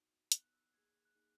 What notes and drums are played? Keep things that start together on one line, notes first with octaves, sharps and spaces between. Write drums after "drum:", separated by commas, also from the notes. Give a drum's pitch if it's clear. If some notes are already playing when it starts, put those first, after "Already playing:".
Already playing: B3 D#4 F#4
B3 D#4 F#4 F#6, drum: hi-hat
F#6
E6
F#6
A#3 D#4 G#4 G#6
F#6
A#3 D#4 G#4